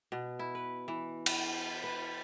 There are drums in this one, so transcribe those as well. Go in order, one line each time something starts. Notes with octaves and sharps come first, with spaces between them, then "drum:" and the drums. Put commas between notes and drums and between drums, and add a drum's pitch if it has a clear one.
B2
E4
B4
E3
B4, drum: cymbal
B4